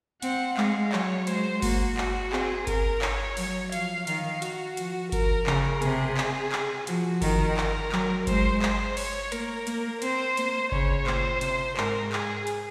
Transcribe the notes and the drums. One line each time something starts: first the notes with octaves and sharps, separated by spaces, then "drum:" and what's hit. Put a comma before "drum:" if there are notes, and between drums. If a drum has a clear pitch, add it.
C4 F#5, drum: hi-hat
G#3 F5, drum: clap
F#3 C#5, drum: clap
G#3 C5, drum: hi-hat
A#3 F#4, drum: kick G1, open hi-hat
F#4, drum: clap
C4 G#4, drum: clap
A#4, drum: kick G1, hi-hat
C#5, drum: clap
F#3, drum: open hi-hat
F3 F5, drum: hi-hat
D#3 F5, drum: hi-hat
F#4, drum: hi-hat
F3, drum: hi-hat
A#4, drum: kick G1, hi-hat
C#3 A#4, drum: clap
C3 G#4, drum: hi-hat
drum: clap
drum: clap
F3 F#4, drum: hi-hat
D#3 A#4, drum: kick G1, open hi-hat
drum: clap
F#3, drum: clap
G#3 C5, drum: kick G1, hi-hat
C5, drum: clap
C#5, drum: open hi-hat
A#3 A#4, drum: hi-hat
A#3, drum: hi-hat
C4 C5, drum: hi-hat
A#3, drum: hi-hat
C#3 C#5, drum: kick G1
A#2 C5, drum: clap
C3, drum: hi-hat
G#2 A#4, drum: clap
G#4, drum: clap
drum: hi-hat